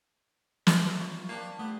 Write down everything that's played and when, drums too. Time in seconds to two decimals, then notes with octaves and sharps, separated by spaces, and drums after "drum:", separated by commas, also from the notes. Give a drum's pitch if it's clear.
0.67 E5, drum: snare
0.99 F4 C#5 A#5
1.29 A#3 C4 D4 G4
1.59 A3 B3 D#6